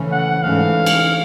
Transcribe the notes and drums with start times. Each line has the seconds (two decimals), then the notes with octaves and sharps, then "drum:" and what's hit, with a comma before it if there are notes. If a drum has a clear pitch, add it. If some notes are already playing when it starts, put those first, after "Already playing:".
Already playing: C#3 E3 A3 C#4
0.12 F#5
0.43 G#2 E3 A3 C#4 F5
0.86 drum: cymbal